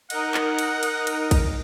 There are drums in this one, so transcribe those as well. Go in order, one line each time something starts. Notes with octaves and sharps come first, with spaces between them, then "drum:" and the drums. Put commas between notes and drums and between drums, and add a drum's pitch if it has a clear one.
D#4 A#4 D#5 F#5, drum: cymbal
drum: clap
drum: cymbal
drum: cymbal
drum: cymbal
drum: kick A#1, cymbal